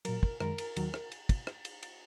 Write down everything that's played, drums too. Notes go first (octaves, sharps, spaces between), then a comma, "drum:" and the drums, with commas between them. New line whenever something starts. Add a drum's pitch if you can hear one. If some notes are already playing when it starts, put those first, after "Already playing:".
A#2 F#3 A#4, drum: cymbal
drum: kick
F#2 D#3 G#3 A#4, drum: rim click
drum: cymbal
D#2 D#3 F#3, drum: cymbal
drum: rim click
drum: cymbal
drum: kick, cymbal
drum: rim click
drum: cymbal
drum: cymbal